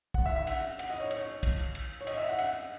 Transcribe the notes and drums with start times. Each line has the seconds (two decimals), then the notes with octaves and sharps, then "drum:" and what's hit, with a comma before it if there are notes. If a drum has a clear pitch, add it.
0.14 F#5, drum: kick
0.26 E5
0.36 E5
0.47 F#5, drum: cymbal
0.79 F#5, drum: cymbal
0.90 D#5
1.00 C#5
1.11 C#5, drum: cymbal
1.43 drum: kick, cymbal
1.75 drum: cymbal
2.01 C#5
2.07 D#5, drum: cymbal
2.18 E5
2.28 F#5
2.39 F#5, drum: cymbal